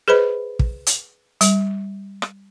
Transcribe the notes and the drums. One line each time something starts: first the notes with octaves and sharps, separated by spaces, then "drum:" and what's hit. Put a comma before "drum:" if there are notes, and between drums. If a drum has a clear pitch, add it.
G#4 B4 C5 D#5 B5
drum: kick
drum: hi-hat
G3, drum: hi-hat
drum: rim click